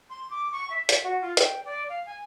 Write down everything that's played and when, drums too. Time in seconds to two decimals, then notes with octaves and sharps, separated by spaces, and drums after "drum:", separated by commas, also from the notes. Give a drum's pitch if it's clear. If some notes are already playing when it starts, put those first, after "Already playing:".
0.09 C6
0.30 D6
0.51 C#6
0.70 E5
0.89 drum: hi-hat
1.03 F#4
1.21 F4
1.37 G5, drum: hi-hat
1.65 D5
1.89 F5
2.06 G#5